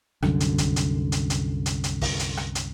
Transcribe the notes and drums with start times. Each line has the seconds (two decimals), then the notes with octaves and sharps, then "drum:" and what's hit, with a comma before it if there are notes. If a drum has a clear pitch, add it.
0.22 C2 F#2 D3, drum: rim click
0.40 drum: hi-hat
0.58 drum: kick, hi-hat
0.76 drum: hi-hat
1.12 drum: hi-hat
1.30 drum: hi-hat
1.66 drum: hi-hat
1.84 drum: hi-hat
2.01 drum: kick, open hi-hat
2.19 drum: hi-hat
2.37 drum: rim click
2.55 drum: hi-hat